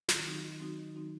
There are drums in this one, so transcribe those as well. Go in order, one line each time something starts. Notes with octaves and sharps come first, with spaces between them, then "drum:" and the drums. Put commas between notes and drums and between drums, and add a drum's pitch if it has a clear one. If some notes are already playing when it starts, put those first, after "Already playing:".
D#3, drum: snare
F#3 C4 D#4 F#4
D#3
F#3 C4 D#4 F#4
D#3
F#3 C4 D#4 F#4